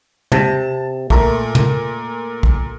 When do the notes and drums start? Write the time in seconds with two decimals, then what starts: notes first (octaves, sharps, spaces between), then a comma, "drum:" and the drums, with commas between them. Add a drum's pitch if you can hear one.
0.32 C3 A5, drum: tom
1.10 A#2 A3 A#4, drum: kick
1.55 drum: tom
2.43 drum: kick